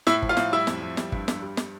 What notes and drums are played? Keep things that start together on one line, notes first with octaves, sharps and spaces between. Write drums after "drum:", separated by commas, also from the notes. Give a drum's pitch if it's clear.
A2 E4 E5, drum: snare
F3, drum: kick
F4 F5
A2, drum: snare
G3 E4 E5
F2, drum: snare
F2
G3, drum: snare
G2, drum: kick
G2, drum: snare
G3
drum: snare